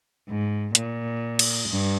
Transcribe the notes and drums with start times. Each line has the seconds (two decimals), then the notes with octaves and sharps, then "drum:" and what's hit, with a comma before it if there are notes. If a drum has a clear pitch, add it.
0.29 G#2
0.75 A#2, drum: hi-hat
1.39 drum: cymbal
1.69 G2